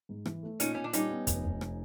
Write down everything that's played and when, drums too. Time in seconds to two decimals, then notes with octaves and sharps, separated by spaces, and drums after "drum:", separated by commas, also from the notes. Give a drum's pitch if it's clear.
0.09 G#2
0.25 E3, drum: rim click
0.43 A3
0.60 A#2 C#4 D#4, drum: hi-hat
0.75 A#2 C#4
0.84 D4
0.93 G3 C#4 D#4, drum: hi-hat
1.10 B3
1.27 F1, drum: kick, hi-hat
1.45 F1
1.61 drum: rim click